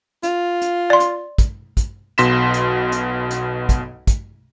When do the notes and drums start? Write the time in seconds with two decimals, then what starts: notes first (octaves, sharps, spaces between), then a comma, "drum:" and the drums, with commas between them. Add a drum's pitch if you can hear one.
0.23 F4, drum: hi-hat
0.62 drum: hi-hat
0.90 D5 C6
1.00 drum: hi-hat
1.38 drum: kick, hi-hat
1.77 drum: kick, hi-hat
2.18 B1 B2 C6 A#6 B6 E7, drum: hi-hat
2.54 drum: hi-hat
2.92 drum: hi-hat
3.31 drum: hi-hat
3.69 drum: kick, hi-hat
4.07 drum: kick, hi-hat